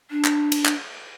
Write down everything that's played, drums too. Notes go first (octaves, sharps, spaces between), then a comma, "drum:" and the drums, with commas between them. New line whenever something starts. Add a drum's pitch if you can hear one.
D4
drum: clap
drum: cymbal
drum: clap